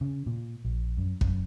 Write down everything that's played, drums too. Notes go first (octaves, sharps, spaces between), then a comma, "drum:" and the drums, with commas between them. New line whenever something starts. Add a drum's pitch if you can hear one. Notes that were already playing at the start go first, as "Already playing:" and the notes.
C#3
A#2
A#1
F#2
F#2, drum: kick